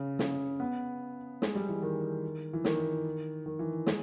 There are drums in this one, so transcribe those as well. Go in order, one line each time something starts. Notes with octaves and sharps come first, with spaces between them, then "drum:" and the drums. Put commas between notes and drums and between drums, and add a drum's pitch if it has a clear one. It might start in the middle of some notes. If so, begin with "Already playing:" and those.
Already playing: C#3
C#3, drum: snare
B3
G#3, drum: snare
G3
E3
D#3
E3
D#3, drum: snare
D#3
E3
G#3, drum: snare